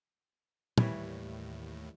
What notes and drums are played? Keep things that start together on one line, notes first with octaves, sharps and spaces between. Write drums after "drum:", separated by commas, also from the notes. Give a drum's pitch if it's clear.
D#2 A2 E3 G3 C#5, drum: tom